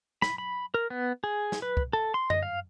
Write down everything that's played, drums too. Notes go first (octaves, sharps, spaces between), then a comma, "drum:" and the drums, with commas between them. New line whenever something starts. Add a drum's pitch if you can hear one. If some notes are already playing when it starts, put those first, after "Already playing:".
B5, drum: snare
B5
A#4
B3
G#4
drum: snare
B4
drum: kick
A4
C6
D#5, drum: tom F#2
F5